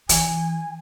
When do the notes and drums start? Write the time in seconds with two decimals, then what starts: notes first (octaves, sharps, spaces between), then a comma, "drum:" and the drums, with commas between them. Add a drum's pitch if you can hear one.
0.09 E3 G#5, drum: hi-hat